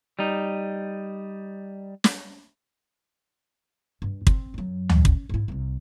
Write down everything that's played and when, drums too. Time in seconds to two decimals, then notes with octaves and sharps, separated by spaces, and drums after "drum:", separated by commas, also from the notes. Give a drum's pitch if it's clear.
0.19 G3 D#4
2.04 drum: snare
4.02 G2
4.27 C4, drum: kick
4.54 F#2 F#3
4.90 drum: tom D2
5.05 C#4, drum: kick
5.29 G#2 E4
5.48 D#1 C2